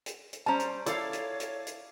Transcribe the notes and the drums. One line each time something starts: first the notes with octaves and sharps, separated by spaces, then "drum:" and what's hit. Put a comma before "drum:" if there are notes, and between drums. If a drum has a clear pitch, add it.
drum: hi-hat
drum: hi-hat
G3 C#4 C5 A5 A#5
drum: hi-hat
E4 A4 C#5 D5 F5, drum: hi-hat
drum: hi-hat
drum: hi-hat
drum: hi-hat